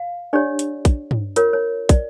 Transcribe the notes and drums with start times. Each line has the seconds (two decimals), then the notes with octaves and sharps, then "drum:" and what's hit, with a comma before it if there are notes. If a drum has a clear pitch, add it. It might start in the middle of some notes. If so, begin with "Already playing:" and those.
Already playing: F5
0.33 D4 G4 C#5 D5
0.59 drum: hi-hat
0.85 drum: kick, hi-hat
1.11 drum: tom
1.36 F4 A#4 C#5, drum: hi-hat
1.53 C#5
1.89 D5, drum: kick, hi-hat